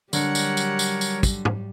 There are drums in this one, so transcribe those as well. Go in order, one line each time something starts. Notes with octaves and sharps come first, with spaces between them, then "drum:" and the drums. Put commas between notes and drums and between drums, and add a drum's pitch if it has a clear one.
D3 F#3 G3 A#4 C#5 F#5, drum: tambourine
drum: tambourine
drum: tambourine
drum: tambourine
drum: tambourine
drum: kick, tambourine
drum: tom G#2